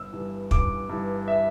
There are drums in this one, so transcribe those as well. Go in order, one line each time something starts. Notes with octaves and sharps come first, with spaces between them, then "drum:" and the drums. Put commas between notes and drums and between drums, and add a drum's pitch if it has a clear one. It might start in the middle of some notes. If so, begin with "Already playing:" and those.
Already playing: G1 E6
G2 E3
G1 D6, drum: kick
G2 E3
E5